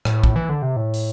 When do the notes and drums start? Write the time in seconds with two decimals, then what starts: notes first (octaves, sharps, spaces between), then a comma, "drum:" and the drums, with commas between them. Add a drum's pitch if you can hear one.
0.05 A2, drum: rim click
0.24 drum: kick A1
0.36 E3
0.49 D3
0.62 C3
0.76 A2
0.94 drum: open hi-hat